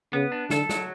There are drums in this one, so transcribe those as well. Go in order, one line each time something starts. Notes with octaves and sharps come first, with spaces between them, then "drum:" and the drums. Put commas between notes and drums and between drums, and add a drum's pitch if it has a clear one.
C#3 B3
D4
D3 A4, drum: snare
F#3, drum: snare